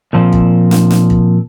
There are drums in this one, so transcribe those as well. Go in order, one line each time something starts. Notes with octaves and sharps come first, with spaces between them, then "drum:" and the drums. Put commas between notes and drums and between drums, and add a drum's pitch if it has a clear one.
A#2 F3 C4
drum: kick
drum: snare
drum: snare
drum: kick